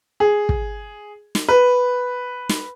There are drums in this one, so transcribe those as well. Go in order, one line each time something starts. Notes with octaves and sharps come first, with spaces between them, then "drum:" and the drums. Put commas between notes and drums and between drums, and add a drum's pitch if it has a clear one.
G#4
drum: kick
drum: snare
B4
drum: snare